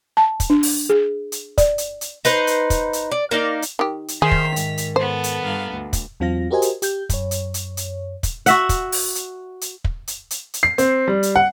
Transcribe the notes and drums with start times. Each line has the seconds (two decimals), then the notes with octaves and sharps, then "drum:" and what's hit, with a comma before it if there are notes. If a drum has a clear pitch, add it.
0.17 A5
0.40 drum: kick, hi-hat
0.50 D4
0.63 drum: open hi-hat
0.90 G#4
1.32 drum: hi-hat
1.58 D5, drum: kick, hi-hat
1.78 drum: hi-hat
2.01 drum: hi-hat
2.25 D#4 B4 C5, drum: hi-hat
2.47 drum: hi-hat
2.70 drum: kick, hi-hat
2.93 drum: hi-hat
3.11 D5
3.31 A#3 D#4 D5 F5
3.62 drum: hi-hat
3.79 D#3 G4
4.08 drum: hi-hat
4.22 D#3 G#4 C5 E5 B6 F7
4.31 drum: kick
4.56 G#2, drum: hi-hat
4.78 drum: hi-hat
4.96 B3 A4 C5
5.24 drum: hi-hat
5.43 G2 A#4 F5
5.72 D2
5.93 drum: kick, hi-hat
6.20 E2 F#3 C4 F4 F5 A#6
6.51 F#4 G4 A#4 C5 D#5 G#5
6.62 drum: hi-hat
6.82 G4 G6, drum: hi-hat
7.09 F#2 C#5, drum: kick, hi-hat
7.31 drum: hi-hat
7.54 drum: hi-hat
7.77 drum: hi-hat
8.23 drum: kick, hi-hat
8.46 F#4 E5 F#5, drum: hi-hat
8.69 drum: kick, hi-hat
8.92 drum: open hi-hat
9.15 drum: hi-hat
9.61 drum: hi-hat
9.84 drum: kick
10.07 drum: hi-hat
10.31 drum: hi-hat
10.54 drum: hi-hat
10.63 C7
10.78 C4, drum: hi-hat
11.08 G3
11.23 drum: hi-hat
11.36 F#5